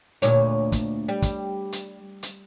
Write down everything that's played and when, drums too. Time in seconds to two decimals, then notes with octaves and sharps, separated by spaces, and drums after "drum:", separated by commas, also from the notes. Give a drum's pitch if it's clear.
0.22 D2 A#2 C#5, drum: hi-hat
0.72 drum: kick, hi-hat
1.08 G3
1.22 drum: kick, hi-hat
1.73 drum: hi-hat
2.23 drum: hi-hat